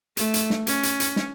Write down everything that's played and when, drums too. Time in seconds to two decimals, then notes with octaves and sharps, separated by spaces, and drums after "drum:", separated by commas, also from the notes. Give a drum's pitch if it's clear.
0.17 A3, drum: hi-hat
0.34 drum: hi-hat
0.50 drum: snare
0.67 C#4, drum: hi-hat
0.83 drum: hi-hat
1.00 drum: hi-hat
1.16 drum: snare